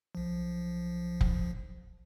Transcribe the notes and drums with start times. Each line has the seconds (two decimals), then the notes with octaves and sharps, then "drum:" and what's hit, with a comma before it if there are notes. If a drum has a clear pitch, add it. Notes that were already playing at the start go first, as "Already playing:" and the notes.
0.15 B1 F3
1.21 drum: kick